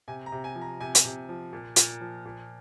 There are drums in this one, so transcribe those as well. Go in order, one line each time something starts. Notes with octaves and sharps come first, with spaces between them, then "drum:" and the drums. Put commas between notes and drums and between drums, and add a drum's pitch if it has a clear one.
C3 G#5
A#5
C3
G#5
F3
A#5
C3 G#5
drum: hi-hat
C3
F3
A#2
A#2, drum: hi-hat
F3
A#2